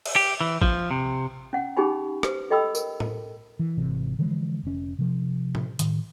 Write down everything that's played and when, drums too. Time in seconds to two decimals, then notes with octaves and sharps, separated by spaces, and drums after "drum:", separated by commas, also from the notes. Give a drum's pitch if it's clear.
0.06 drum: cymbal
0.16 G4
0.41 E3
0.62 F3, drum: kick A1
0.91 C3
1.53 C#4 F#5
1.77 C#4 D#4 G4 G#4 G#5 B5
2.23 G4 B4 C5, drum: rim click
2.51 A4 D#5 G5 B5 D#6 E6
2.75 A#4, drum: tambourine
3.00 drum: tom A2
3.59 E3
3.77 G#1 C3 E3
4.19 D3 E3 F3 G#3
4.63 F1 C#4
4.99 C3 F3
5.55 drum: tom A2
5.79 A2 D#3, drum: hi-hat